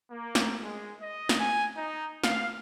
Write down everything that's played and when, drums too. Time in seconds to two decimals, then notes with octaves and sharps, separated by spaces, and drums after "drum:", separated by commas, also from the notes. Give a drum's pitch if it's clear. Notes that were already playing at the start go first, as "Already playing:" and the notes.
0.11 A#3
0.35 drum: snare
0.62 G#3
1.01 D#5
1.29 drum: snare
1.40 G#5
1.77 D#4
2.24 F5, drum: snare